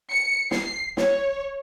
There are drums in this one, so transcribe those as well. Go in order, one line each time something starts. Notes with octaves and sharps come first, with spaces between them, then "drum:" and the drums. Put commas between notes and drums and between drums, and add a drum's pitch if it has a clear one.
C#7
C7, drum: snare
C#5, drum: snare